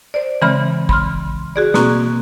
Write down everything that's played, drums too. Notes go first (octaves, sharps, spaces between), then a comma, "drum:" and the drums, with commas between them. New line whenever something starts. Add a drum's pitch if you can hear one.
C5 D5
C#3 E3 G#3 C4 B5 F6
B5 C6 F6, drum: kick
F#4 G#4 D5
B2 A#3 C4 F#4 C#6, drum: snare